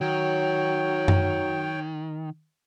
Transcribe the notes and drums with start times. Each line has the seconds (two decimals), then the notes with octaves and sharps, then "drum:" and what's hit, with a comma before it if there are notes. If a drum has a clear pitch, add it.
0.01 D#3 F#3 C#5 G5
1.08 drum: tom F#2